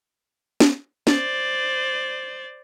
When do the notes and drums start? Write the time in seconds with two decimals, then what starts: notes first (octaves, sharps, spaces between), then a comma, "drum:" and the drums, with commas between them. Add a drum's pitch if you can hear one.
0.60 drum: snare C#4
1.07 C5 D5, drum: snare C#4